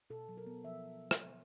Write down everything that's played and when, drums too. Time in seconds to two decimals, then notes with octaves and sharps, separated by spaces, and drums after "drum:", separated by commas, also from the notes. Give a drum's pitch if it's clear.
0.10 B2 A4
0.28 F#3
0.37 A#4
0.47 B3
0.64 F3 E5
1.11 drum: rim click